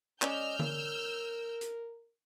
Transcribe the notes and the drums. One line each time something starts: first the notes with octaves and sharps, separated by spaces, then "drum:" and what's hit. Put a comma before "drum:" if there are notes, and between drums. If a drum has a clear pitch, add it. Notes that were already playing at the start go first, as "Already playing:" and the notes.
G#3 C#4 D5 D#5 E6 F6 G6, drum: clap
A#4, drum: tom D3
drum: hi-hat